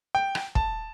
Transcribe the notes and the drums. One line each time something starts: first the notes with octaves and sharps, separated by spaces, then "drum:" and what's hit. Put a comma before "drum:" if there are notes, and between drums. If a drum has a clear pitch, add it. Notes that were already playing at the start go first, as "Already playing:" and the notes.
G5
drum: rim click
A5, drum: kick